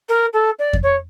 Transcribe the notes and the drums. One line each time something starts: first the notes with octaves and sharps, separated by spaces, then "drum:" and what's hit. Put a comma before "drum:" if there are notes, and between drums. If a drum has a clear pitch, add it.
A#4
A4
D5
drum: kick F2
C#5